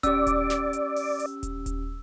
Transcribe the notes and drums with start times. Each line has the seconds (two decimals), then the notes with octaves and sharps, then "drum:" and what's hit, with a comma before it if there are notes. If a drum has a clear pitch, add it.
0.03 C#4 G4 D5 E6, drum: kick D#1, hi-hat
0.27 drum: kick D#1, hi-hat
0.50 drum: snare
0.73 drum: hi-hat
0.96 drum: open hi-hat
1.20 drum: hi-hat
1.43 drum: kick D#1, hi-hat
1.66 drum: kick D#1, hi-hat